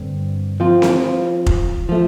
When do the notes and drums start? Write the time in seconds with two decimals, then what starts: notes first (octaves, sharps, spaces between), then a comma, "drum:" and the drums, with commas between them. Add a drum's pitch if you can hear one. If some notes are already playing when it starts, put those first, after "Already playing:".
Already playing: G2 D3 C4
0.60 F3 C4 F4
0.82 drum: snare C4
1.46 drum: kick F1
1.89 F3 A3